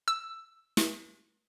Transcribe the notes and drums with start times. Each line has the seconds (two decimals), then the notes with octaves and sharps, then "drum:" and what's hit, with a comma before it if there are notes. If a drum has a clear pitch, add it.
0.08 E6
0.77 drum: snare